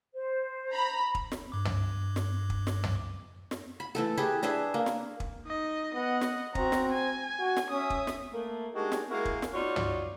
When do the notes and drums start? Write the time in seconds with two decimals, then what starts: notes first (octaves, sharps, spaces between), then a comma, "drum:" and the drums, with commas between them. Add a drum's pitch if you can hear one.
0.14 C5
0.72 A#5 B5
1.15 drum: kick
1.32 drum: snare
1.52 G2 D6
1.65 drum: tom
2.16 drum: snare
2.50 drum: kick
2.67 drum: snare
2.84 drum: tom
3.51 drum: snare
3.80 B5
3.95 E3 A3 A4
4.17 G4 G#4 B4 E5
4.43 D4 G#4 B4 E5
4.74 A#3
4.86 drum: snare
5.20 drum: kick
5.45 D#4 D#5
5.95 B3 D#5 F#5
6.21 drum: snare
6.55 C4 F#4 A#5, drum: kick
6.72 drum: snare
6.93 G#5
7.40 F#4
7.56 drum: snare
7.70 C#4 E5 D#6
7.90 drum: kick
8.07 drum: snare
8.32 A3 A#3
8.74 G#3 D4 D#4 F#4 G4 A#4
8.92 drum: snare
9.10 G#3 A#3 E4 F#4 A#4
9.25 drum: kick
9.42 drum: snare
9.53 D#4 F4 F#4 C#5 D5
9.76 drum: tom